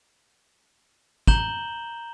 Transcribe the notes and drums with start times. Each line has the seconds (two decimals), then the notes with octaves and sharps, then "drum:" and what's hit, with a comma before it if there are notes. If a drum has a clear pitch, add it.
1.27 A#5 G6 E7 F#7 G7, drum: kick